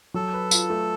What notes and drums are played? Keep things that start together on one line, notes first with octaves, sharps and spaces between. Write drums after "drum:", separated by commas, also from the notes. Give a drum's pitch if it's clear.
F#3 A4
B4
F4, drum: tambourine
A3